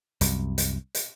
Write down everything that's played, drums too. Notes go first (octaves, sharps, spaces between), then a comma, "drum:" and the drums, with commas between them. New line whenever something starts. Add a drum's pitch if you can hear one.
C2 F#2, drum: hi-hat
drum: hi-hat
drum: hi-hat